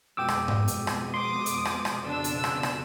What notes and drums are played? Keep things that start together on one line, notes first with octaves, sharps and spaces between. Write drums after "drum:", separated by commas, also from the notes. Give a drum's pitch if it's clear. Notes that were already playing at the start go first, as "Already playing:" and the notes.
F2 B2 G#3 G5 D6 E6 D#7
drum: rim click
drum: tom G#2
drum: hi-hat
drum: rim click
C6 D6 D#6
drum: hi-hat
drum: rim click
drum: rim click
C#3 D4 E6
drum: hi-hat
drum: rim click
drum: rim click